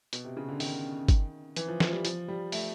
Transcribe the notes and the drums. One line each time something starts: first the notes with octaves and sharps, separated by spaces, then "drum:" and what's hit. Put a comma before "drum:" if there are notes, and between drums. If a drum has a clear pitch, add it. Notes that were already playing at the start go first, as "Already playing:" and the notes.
B2, drum: hi-hat
C3
C#3
D3
D#3, drum: open hi-hat
drum: kick G1, hi-hat
E3, drum: hi-hat
F3
F3, drum: snare
G3
F3, drum: hi-hat
G3
A3, drum: open hi-hat